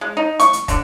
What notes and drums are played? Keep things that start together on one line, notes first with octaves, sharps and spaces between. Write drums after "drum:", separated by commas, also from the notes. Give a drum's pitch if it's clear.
G#3
D#4
C#6, drum: hi-hat
drum: hi-hat
D3, drum: kick, hi-hat